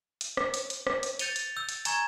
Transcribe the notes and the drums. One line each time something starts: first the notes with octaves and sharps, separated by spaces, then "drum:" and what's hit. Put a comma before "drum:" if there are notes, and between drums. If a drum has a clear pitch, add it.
drum: hi-hat
drum: rim click
drum: hi-hat
drum: hi-hat
drum: rim click
drum: hi-hat
G6 A6 C#7 D#7 F7 G7, drum: hi-hat
drum: hi-hat
E6 G6
drum: hi-hat
G#5 A#5 C#6 G#6, drum: hi-hat